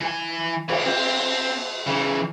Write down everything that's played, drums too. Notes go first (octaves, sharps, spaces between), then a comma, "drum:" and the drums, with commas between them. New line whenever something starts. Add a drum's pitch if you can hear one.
E3 G#5
E3 G4, drum: cymbal
C4
C#3 E3